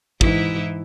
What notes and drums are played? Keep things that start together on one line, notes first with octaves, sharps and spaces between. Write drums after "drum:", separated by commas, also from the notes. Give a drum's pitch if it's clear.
G#2 E3 E4, drum: kick